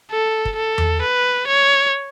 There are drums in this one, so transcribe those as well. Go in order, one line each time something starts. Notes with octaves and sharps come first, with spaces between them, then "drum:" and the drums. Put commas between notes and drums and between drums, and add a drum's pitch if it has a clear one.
A4
drum: kick
A4
drum: tom E2
B4
C#5